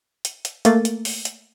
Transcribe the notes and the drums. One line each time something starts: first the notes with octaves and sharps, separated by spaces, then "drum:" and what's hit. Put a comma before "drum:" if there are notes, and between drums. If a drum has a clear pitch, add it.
drum: hi-hat
drum: hi-hat
A3 A#3 A6, drum: hi-hat
drum: hi-hat
drum: open hi-hat
drum: hi-hat